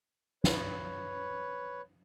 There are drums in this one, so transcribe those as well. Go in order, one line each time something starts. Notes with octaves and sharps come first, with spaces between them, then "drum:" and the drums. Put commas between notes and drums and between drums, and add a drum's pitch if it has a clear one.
B4 C#5, drum: snare